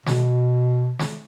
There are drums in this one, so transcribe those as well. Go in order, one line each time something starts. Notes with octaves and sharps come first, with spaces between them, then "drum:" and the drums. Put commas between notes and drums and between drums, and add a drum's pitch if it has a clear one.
B2, drum: snare
drum: snare